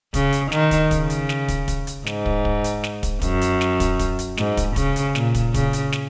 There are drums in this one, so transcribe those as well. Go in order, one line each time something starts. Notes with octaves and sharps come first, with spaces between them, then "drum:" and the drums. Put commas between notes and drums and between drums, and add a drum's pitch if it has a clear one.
C#3, drum: kick, hi-hat
drum: hi-hat
D#3, drum: snare
drum: kick, hi-hat
C#3, drum: kick, hi-hat
drum: hi-hat
drum: snare
drum: kick, hi-hat
drum: kick, hi-hat
drum: hi-hat
G#2, drum: snare
drum: kick
drum: kick
drum: hi-hat
drum: snare
drum: kick, hi-hat
F#2, drum: kick, hi-hat
drum: hi-hat
drum: snare
drum: kick, hi-hat
drum: kick, hi-hat
drum: hi-hat
G#2, drum: snare
drum: kick, hi-hat
C#3, drum: kick, hi-hat
drum: hi-hat
A#2, drum: snare
drum: kick, hi-hat
C#3, drum: kick, hi-hat
drum: hi-hat
drum: snare